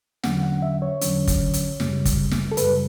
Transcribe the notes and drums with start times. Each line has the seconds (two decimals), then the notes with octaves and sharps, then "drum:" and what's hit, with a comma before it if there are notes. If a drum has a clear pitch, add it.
0.23 E2 D3 F#3 C#4 F#5, drum: snare
0.43 F#5
0.62 E5
0.82 C#5
1.01 E2 D3 F#3 C#4, drum: hi-hat
1.27 drum: kick, hi-hat
1.53 drum: hi-hat
1.80 F#2 C#3 G3, drum: snare
2.05 drum: kick, hi-hat
2.31 drum: snare
2.52 A4
2.57 F#2 C#3 G3 B4, drum: hi-hat